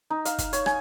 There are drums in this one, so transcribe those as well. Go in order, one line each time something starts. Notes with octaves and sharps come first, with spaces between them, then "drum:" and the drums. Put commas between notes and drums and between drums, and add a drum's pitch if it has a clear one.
D#4
F5, drum: hi-hat
drum: kick, hi-hat
C#5, drum: hi-hat
G#5, drum: rim click